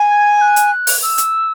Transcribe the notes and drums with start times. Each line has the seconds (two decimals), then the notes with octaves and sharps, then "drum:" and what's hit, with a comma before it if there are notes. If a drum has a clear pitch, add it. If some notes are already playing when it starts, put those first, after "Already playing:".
Already playing: G#5
0.11 G#6
0.41 F#6
0.56 drum: hi-hat
0.87 drum: open hi-hat
1.02 E6
1.18 drum: hi-hat